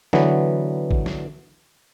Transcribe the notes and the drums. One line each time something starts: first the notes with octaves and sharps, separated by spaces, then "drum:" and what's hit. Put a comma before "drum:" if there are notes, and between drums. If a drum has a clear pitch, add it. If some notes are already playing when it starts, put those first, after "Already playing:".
D3 E3 F#3 B3, drum: snare
drum: kick
drum: snare